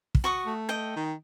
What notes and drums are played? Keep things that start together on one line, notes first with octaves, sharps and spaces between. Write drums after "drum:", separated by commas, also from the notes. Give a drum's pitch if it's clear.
drum: kick
F#4 C#6 D#6
A3
D#5 G5
D#3